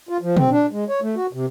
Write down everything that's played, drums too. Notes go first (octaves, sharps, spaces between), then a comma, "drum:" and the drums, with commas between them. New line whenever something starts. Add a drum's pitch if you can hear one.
F4
F3
C4, drum: tom
D4
G#3
C#5
A3
F#4
C3